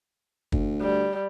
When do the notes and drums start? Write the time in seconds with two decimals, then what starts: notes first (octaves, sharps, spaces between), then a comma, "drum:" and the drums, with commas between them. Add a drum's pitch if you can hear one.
0.52 D2, drum: kick
0.81 G3